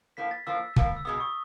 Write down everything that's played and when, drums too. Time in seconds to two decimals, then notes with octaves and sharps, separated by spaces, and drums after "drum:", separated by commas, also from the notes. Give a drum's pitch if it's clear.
0.17 A2 F3 A#3 B6
0.31 A6
0.47 A2 F3 A#3 E6
0.76 A2 F3 A#3, drum: kick
0.96 E6
1.05 B2 G#3 B3 D#6
1.20 C#6